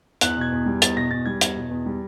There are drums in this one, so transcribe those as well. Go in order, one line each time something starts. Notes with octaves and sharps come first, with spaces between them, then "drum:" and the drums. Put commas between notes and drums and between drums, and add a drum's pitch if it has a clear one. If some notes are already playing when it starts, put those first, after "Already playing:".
E2 F#6, drum: hi-hat
B2 G#6
E2
G3
E2 A6, drum: hi-hat
B2 A#6
E2 A6
G3 G#6
E2, drum: hi-hat
B2
E2
G3